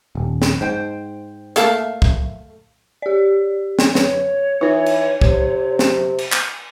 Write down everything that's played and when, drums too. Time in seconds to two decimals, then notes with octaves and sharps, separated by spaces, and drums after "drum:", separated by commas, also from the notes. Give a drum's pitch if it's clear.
0.15 D#1
0.42 drum: snare
0.61 G#2 C5 G5
1.56 A3 A#3 A4 A#4 E5 F5, drum: hi-hat
2.02 drum: kick C2
3.02 G4 D5
3.79 drum: snare
3.95 B4 C#5, drum: snare
4.61 E3 D#4 F4 B4
4.86 drum: cymbal
5.21 C3, drum: kick C2
5.79 drum: snare
6.18 drum: cymbal
6.32 drum: clap